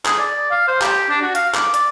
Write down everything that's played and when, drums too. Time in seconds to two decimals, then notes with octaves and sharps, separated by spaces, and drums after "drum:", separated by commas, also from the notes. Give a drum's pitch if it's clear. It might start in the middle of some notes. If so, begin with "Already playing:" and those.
0.05 G#4, drum: clap
0.19 D5
0.51 F5
0.68 C5
0.82 G4, drum: clap
1.09 D4
1.22 F#4
1.35 F5, drum: hi-hat
1.54 D6, drum: clap
1.74 D5, drum: hi-hat